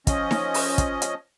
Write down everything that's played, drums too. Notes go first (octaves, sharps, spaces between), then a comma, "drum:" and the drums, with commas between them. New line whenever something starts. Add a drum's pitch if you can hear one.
F3 C#4 D#5, drum: kick, hi-hat
drum: snare D#4
drum: open hi-hat
drum: kick, hi-hat
drum: hi-hat